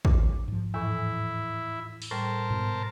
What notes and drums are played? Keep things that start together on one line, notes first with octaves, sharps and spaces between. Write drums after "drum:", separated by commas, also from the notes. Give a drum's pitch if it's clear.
D6, drum: kick
G#2 F3
E2 A2 E3 E4
drum: open hi-hat
A2 G3 A#4 C5 A5
G#2 B2